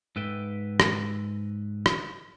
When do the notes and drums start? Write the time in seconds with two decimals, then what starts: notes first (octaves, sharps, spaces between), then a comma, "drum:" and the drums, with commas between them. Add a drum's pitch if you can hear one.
0.16 G#2 A4 B4 E5 G5
0.80 drum: rim click
1.86 drum: rim click